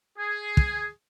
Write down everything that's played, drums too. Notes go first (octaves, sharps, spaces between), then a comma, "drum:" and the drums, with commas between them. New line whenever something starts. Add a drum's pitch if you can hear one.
G#4
drum: kick